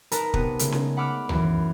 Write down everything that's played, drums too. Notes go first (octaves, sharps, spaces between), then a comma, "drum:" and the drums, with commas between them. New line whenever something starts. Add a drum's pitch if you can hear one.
D#4 A#4 B4 A5 A#5, drum: hi-hat
C3 B3 D#7, drum: kick
C#3 G#3 A3, drum: hi-hat
drum: snare C#4
F#5 B5 D6 E6 F6
F#2 E3, drum: tom C#2